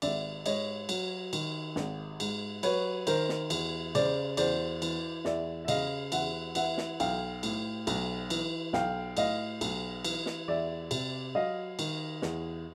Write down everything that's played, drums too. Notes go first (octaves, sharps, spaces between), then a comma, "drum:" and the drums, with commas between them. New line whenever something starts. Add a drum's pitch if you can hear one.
G#1 D5 E5, drum: cymbal
G#2 C#5 D#5, drum: cymbal
F#3, drum: cymbal
D#3, drum: cymbal
G#1, drum: snare
G#2, drum: cymbal
F#3 B4 C#5, drum: cymbal
D#3 A#4 C5, drum: cymbal
drum: snare
E2, drum: cymbal
C#3 C5 D5, drum: cymbal
E2 C5 D5, drum: cymbal
E3, drum: cymbal
E2 D5 E5, drum: snare
E5
C#3 D#5 F5, drum: cymbal
E2 E5 F#5, drum: cymbal
E3 E5 F#5, drum: cymbal
drum: snare
B1 F5 G5, drum: cymbal
A2, drum: cymbal
B1, drum: cymbal
E3, drum: cymbal
B1 F5 G5, drum: snare
A2 D#5 F5, drum: cymbal
B1, drum: cymbal
E3, drum: cymbal
drum: snare
E2 D5 E5
C3, drum: cymbal
F#3 D#5 F5
D#3, drum: cymbal
E2, drum: snare